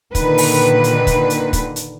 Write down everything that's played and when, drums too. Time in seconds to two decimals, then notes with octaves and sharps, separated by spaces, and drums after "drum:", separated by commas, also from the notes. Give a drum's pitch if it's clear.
0.15 A#2 D3 D#3 B4, drum: kick, hi-hat
0.38 drum: open hi-hat
0.84 drum: hi-hat
1.07 drum: kick, hi-hat
1.30 drum: hi-hat
1.53 drum: kick, hi-hat
1.76 drum: hi-hat